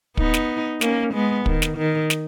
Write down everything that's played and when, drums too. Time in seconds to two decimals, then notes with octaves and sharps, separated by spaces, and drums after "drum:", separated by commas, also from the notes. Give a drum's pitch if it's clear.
0.17 B3 D#4, drum: kick
0.34 drum: snare
0.81 A#3 C#4, drum: snare
1.14 G#3 B3
1.46 D#3, drum: kick
1.62 drum: snare
1.78 D#3
2.10 drum: snare